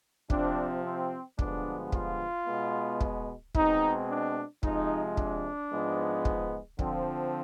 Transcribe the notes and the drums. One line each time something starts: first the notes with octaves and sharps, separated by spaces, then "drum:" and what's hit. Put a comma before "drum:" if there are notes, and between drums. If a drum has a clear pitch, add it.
C3 F3 C4 D4, drum: kick
C4
G2 D3 F3 G#3 B3 D4, drum: kick
F4, drum: kick
B2 G#3 B3
drum: kick
B2 G#3 C4 D#4, drum: kick
D4
C3 F3 G#3 D#4, drum: kick
D4, drum: kick
G#2 F3 G#3 B3
drum: kick
D3 F3 C4, drum: kick